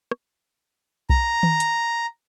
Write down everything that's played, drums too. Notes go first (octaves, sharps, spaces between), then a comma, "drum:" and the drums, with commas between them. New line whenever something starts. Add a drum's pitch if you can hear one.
drum: rim click
A#5, drum: kick B1
drum: tom D#3
drum: hi-hat